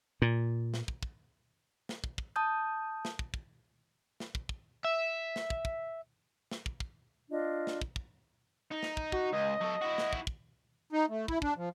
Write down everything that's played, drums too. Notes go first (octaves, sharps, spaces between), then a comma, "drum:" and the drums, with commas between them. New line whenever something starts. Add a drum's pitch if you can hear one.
A#2
drum: snare
drum: kick
drum: kick
drum: snare
drum: kick
drum: kick
A5 D#6 G6
drum: snare
drum: kick
drum: kick
drum: snare
drum: kick
drum: kick
E5
drum: snare
drum: kick
drum: kick
drum: snare
drum: kick
drum: kick
D4 F4 D#5
drum: snare
drum: kick
drum: kick
D#4
drum: snare
drum: kick
F#4, drum: kick
C#2 D#5
F#3 A4
E4 F#4
drum: snare
drum: kick
drum: kick
D#4
A3
E4, drum: kick
D4, drum: kick
F3